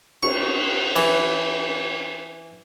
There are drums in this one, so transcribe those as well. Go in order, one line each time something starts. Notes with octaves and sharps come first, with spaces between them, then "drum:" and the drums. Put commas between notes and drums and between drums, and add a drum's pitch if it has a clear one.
C#6, drum: cymbal
E3, drum: cymbal